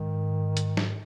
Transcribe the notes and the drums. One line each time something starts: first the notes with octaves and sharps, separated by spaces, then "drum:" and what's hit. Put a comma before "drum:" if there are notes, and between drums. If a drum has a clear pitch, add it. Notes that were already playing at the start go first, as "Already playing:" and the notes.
Already playing: G#2 D#3
drum: hi-hat
drum: snare